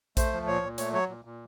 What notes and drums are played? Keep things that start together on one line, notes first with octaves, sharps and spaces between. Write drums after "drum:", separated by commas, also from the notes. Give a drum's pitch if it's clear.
A3 C5, drum: kick A#1, hi-hat
F3
A#2 C#5
A#2
A3 C#5, drum: hi-hat
F#3 C#5
A#2
A#2